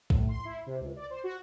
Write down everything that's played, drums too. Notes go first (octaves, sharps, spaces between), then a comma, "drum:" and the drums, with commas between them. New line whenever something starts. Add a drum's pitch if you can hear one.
A2, drum: kick A#1
C6
E4
C3
C#2
D5
C5
F#4